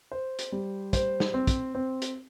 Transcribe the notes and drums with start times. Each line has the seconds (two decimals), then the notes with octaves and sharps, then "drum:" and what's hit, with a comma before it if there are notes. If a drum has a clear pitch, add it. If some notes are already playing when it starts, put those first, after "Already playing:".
0.12 C5
0.39 drum: hi-hat
0.52 G3
0.93 C5, drum: kick, hi-hat
1.20 drum: snare
1.34 C4
1.47 drum: kick, hi-hat
1.75 C4
2.02 drum: hi-hat